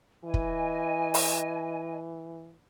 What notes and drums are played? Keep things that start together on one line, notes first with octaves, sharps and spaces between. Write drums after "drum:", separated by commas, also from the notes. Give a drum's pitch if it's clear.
E3 D#5 G#5
drum: kick
drum: open hi-hat